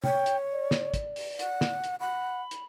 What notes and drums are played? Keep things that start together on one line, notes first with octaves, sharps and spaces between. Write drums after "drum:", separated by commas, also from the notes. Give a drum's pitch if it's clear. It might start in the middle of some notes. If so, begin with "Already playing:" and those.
C#5 G5, drum: tom C3
drum: hi-hat
D5
drum: snare
drum: kick, hi-hat
drum: open hi-hat
F#5, drum: hi-hat
drum: snare
drum: hi-hat
F#5 B5
drum: hi-hat